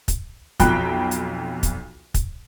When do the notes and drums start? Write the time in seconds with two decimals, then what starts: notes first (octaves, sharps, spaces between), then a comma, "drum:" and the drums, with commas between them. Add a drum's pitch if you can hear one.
0.08 drum: kick, hi-hat
0.60 B1 F2 G5 B5 F#6, drum: kick, hi-hat
1.11 drum: hi-hat
1.63 drum: kick, hi-hat
2.14 drum: kick, hi-hat